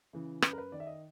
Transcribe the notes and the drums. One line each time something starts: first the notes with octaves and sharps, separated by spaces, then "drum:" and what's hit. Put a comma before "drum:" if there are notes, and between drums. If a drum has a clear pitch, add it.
C#3 E3
F#2 B4, drum: rim click
A#4
B4
D#3 D5
E5
D#5